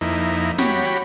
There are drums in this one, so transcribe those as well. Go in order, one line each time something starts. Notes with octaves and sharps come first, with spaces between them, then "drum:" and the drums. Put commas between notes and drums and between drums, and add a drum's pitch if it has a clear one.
F2 A#3 D#4 E4
F#4 G4 C#5 B5, drum: snare
drum: hi-hat